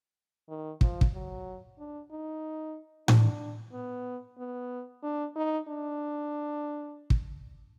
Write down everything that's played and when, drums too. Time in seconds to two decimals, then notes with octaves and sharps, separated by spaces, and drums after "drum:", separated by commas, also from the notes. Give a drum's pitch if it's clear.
0.49 D#3
0.81 F3, drum: kick
1.01 drum: kick
1.14 F#3
1.79 D4
2.11 D#4
3.08 D4, drum: tom A2
3.73 B3
4.38 B3
5.03 D4
5.36 D#4
5.68 D4
7.10 drum: kick